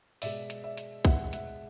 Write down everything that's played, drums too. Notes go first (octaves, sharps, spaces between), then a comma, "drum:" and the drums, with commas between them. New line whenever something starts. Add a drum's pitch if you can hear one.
B2 G#3 D5 E5, drum: open hi-hat
drum: hi-hat
D5 E5
drum: hi-hat
B2 G#3 E5 F#5, drum: kick, hi-hat
E5 F#5, drum: hi-hat